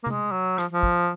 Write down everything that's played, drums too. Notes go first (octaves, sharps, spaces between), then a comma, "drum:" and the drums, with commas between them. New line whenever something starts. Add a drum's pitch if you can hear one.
A#3
G#3, drum: tom C3
F#3
F3, drum: rim click
F3
drum: kick